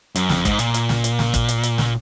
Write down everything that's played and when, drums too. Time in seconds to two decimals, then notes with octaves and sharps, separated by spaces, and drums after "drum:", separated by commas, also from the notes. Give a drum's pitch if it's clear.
0.15 F#2, drum: hi-hat
0.29 F2, drum: snare
0.45 G#2, drum: kick, hi-hat
0.59 A#2, drum: hi-hat
0.74 drum: hi-hat
0.89 drum: snare
1.04 drum: hi-hat
1.19 drum: snare
1.34 drum: kick, hi-hat
1.48 drum: hi-hat
1.63 drum: hi-hat
1.78 drum: snare